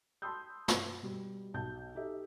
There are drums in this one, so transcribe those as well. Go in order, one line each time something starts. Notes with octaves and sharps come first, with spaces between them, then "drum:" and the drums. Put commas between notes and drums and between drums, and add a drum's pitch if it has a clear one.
A5 B5 C6 D#6 E6 G6
drum: snare
B2 G3
B1 A5 G6
D#4 G4 A4 E5